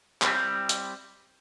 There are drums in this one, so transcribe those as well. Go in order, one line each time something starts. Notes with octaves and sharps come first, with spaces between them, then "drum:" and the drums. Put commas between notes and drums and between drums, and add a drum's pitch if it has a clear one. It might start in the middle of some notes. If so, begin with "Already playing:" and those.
G3 C4 E4, drum: clap
drum: hi-hat